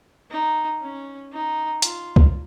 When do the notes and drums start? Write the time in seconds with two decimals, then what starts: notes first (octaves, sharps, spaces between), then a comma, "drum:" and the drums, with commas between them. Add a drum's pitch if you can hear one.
0.31 D#4
0.81 C#4
1.32 D#4
1.82 F4, drum: hi-hat
2.16 drum: kick C#2